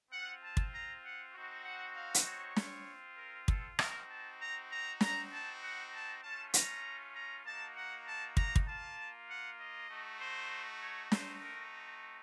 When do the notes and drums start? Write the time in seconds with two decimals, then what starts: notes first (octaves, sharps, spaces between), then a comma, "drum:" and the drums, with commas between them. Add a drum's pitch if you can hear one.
0.11 C4 F4 F#5
0.42 A5
0.57 drum: kick
0.72 A#5
1.03 F#5
1.34 C4 D#4 F#4
1.65 F#5
1.95 F5
2.14 drum: hi-hat
2.25 C#5
2.56 C4 F4, drum: snare
3.17 A#4
3.48 A4, drum: kick
3.79 C4 D#4 F#4 A#4, drum: rim click
4.09 A5
4.40 A#5
4.70 A#5
5.01 C4 D#4 F#4 A#5, drum: snare
5.31 A5
5.62 F#5
5.92 A5
6.23 A3 C#4 F4 A5
6.54 A#5, drum: hi-hat
7.15 A#5
7.45 A#3 D#4 F#4 A5
7.76 F#5
8.06 A5
8.37 A#5, drum: kick
8.56 drum: kick
8.67 A#3 F4 A5
9.28 F#5
9.60 D#5
9.90 A3 D#4 F#4
10.20 C5
10.82 C#5
11.12 A3 C4 D#4 F#4 C5, drum: snare
11.42 A#4